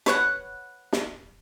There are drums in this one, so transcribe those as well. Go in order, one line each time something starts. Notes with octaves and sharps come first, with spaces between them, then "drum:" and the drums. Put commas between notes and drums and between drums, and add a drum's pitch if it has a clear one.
B4 C#5 F#5, drum: snare
drum: snare